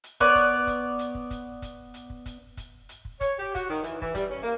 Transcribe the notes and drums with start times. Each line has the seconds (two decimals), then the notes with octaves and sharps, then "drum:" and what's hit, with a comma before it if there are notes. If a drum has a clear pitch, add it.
0.04 drum: hi-hat
0.20 B3 C#5 D5 F#6, drum: kick
0.35 drum: kick, hi-hat
0.67 drum: kick, hi-hat
0.99 drum: hi-hat
1.15 drum: kick
1.30 drum: kick, hi-hat
1.62 drum: kick, hi-hat
1.94 drum: hi-hat
2.10 drum: kick
2.26 drum: kick, hi-hat
2.57 drum: kick, hi-hat
2.89 drum: hi-hat
3.05 drum: kick
3.21 C#5, drum: kick, hi-hat
3.39 G4
3.55 F#4, drum: kick, hi-hat
3.70 D#3
3.84 E3, drum: hi-hat
4.02 E3, drum: kick
4.15 G3, drum: kick, hi-hat
4.30 C#4
4.43 A#3